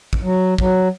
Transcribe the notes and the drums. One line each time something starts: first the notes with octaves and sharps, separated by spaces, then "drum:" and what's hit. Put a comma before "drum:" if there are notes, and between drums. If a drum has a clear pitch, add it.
drum: kick
F#3
F#3, drum: kick